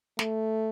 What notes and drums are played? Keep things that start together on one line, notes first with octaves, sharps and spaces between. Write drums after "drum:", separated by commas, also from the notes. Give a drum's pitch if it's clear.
A3, drum: snare